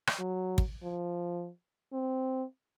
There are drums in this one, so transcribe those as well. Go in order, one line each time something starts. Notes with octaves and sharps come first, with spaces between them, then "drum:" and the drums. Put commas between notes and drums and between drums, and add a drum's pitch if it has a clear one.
drum: rim click
F#3
drum: kick
F3
C4